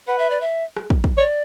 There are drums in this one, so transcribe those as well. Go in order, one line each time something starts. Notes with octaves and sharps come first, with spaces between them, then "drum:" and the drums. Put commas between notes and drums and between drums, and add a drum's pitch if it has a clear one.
B4 F#5
E5
D5
E5
drum: rim click
drum: kick
drum: kick
C#5 D5